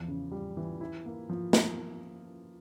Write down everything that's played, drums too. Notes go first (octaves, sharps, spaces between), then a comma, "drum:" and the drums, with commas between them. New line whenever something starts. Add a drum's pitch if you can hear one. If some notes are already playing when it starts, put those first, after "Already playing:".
Already playing: E2 F3
C#3
G3
E3
E4
A#3
F3
A#3, drum: snare